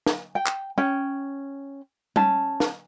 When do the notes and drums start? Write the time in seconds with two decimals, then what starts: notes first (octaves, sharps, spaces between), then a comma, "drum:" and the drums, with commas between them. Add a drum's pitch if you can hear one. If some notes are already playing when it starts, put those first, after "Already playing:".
0.06 drum: snare
0.35 G5
0.46 drum: clap
0.78 C#4 G5
2.16 C#4 A5, drum: tom G3
2.60 drum: snare